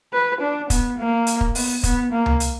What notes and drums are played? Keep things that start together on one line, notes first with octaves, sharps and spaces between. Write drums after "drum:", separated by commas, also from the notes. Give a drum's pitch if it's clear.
B4
D4
B3, drum: kick, hi-hat
A#3
drum: hi-hat
drum: kick
B3, drum: open hi-hat
B3, drum: kick, hi-hat
A#3
drum: tom C#2
drum: hi-hat